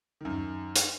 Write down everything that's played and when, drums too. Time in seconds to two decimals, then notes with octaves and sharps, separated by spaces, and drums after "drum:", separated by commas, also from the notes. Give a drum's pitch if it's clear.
0.21 F#2 D#3
0.76 drum: hi-hat